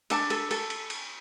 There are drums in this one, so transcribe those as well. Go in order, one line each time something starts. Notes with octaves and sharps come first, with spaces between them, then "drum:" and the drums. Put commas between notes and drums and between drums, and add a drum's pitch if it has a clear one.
D4 A4 A5, drum: cymbal
A4, drum: cymbal
A4, drum: cymbal
drum: cymbal
drum: cymbal